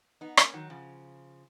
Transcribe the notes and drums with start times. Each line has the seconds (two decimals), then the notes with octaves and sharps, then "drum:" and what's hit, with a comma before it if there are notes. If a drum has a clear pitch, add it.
0.21 B3 D#4
0.37 A#3 C#4, drum: rim click
0.54 D#3 F#3
0.70 C#3 F3